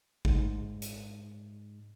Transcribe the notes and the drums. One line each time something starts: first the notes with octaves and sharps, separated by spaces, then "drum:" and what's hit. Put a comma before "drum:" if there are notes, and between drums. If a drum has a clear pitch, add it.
G#2 G#3, drum: kick G#1
drum: hi-hat